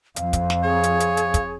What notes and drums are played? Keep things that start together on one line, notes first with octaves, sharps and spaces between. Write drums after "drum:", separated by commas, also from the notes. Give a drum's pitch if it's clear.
F2 F5, drum: hi-hat
drum: kick, hi-hat
drum: snare
G#4 C#5
drum: hi-hat
drum: hi-hat
drum: hi-hat
drum: kick, hi-hat